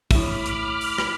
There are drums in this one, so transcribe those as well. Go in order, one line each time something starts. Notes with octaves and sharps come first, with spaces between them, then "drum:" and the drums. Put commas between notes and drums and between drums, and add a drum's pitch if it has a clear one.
A2 E5 B5 D6 F6, drum: kick, open hi-hat
drum: hi-hat
drum: open hi-hat
drum: rim click